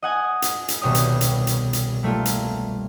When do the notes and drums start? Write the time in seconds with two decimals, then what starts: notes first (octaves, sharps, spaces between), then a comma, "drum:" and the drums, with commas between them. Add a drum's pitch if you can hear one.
0.02 D#5 F#5 G#5 D#6
0.42 drum: hi-hat
0.68 drum: hi-hat
0.82 D#1 C2 B2 G4 C#5 D#6
0.95 drum: hi-hat
1.21 drum: hi-hat
1.47 drum: hi-hat
1.73 drum: hi-hat
2.03 G3 A3 A#3 F4
2.25 drum: hi-hat